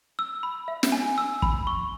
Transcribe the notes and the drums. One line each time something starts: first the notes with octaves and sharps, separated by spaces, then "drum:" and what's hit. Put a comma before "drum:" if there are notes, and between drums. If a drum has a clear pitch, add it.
E6
B5
E5
drum: snare
G#5
E6
B5, drum: kick
C#6